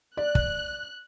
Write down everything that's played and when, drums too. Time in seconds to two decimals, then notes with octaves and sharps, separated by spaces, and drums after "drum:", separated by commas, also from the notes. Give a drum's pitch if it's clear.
0.17 D5 F#6
0.35 drum: kick